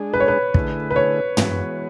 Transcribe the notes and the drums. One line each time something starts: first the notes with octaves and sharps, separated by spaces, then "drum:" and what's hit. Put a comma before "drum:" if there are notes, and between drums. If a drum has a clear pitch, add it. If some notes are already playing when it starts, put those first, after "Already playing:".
Already playing: G#3 D4 G#4
B4
C#5
B4
D3 A3 E4 G#4, drum: kick
B4
C#5
E3 G#3 B3 F#4, drum: tom